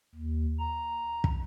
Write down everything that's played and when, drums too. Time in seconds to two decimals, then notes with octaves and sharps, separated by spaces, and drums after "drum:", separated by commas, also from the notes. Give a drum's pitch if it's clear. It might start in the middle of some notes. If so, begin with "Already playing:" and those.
0.15 D#2
0.59 A#5
1.24 drum: kick